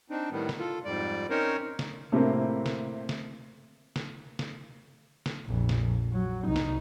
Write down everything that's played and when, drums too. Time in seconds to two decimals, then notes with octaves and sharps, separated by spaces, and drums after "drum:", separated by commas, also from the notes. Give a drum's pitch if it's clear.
0.10 C4 D4 D#4
0.31 A2 D#3 G3 B3
0.49 drum: snare
0.59 F4 A4
0.85 F2 G#2 G3 D5
1.30 C4 C#4 D#4 A#4 C5 C#5
1.79 drum: snare
2.12 A2 C3 A#3 C4
2.66 drum: snare
3.09 drum: snare
3.96 drum: snare
4.39 drum: snare
5.26 drum: snare
5.46 A#1 F2
5.69 drum: snare
6.12 F#3
6.46 C2 D#4
6.56 drum: snare